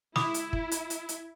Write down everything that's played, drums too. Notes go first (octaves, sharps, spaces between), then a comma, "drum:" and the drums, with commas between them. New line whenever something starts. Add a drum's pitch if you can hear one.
E4 B5 D6 D#6, drum: snare
drum: hi-hat
drum: kick
drum: hi-hat
drum: hi-hat
drum: hi-hat